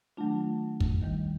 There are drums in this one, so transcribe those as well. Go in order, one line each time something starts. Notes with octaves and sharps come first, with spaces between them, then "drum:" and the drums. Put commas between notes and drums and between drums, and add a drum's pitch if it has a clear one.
D#3 F#3 A3 D4 F4
drum: kick
D#2 D#3 G3